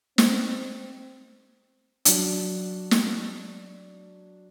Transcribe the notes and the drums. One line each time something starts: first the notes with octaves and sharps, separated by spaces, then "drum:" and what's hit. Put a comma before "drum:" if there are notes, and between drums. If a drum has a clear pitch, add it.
C4, drum: snare
F#3 D4, drum: hi-hat
drum: snare